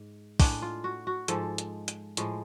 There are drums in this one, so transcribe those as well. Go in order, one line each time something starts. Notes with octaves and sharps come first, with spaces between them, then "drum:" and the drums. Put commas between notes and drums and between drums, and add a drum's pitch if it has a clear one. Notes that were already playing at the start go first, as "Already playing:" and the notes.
Already playing: G#2
A2 G#3 D4, drum: kick, open hi-hat
F4
F#4
F#4
G#2 F3 G#3 A4, drum: hi-hat
drum: hi-hat
drum: hi-hat
A2 F3 G#3, drum: hi-hat